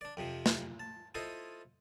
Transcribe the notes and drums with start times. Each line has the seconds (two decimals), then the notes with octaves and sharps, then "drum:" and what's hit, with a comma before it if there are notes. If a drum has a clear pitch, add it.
0.01 D4 D5
0.17 F2 C3 F3
0.46 drum: snare
0.80 A5
1.15 E4 F4 A4 C5 D#5